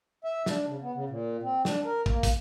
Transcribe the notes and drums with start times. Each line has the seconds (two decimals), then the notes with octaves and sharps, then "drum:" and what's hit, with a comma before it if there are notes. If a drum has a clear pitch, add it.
0.24 E5
0.46 D4, drum: snare
0.67 C#3
0.81 B3
0.95 C#3
1.09 A#2
1.43 C4
1.65 D4, drum: snare
1.85 A#4
2.06 A#3, drum: kick
2.23 drum: kick, hi-hat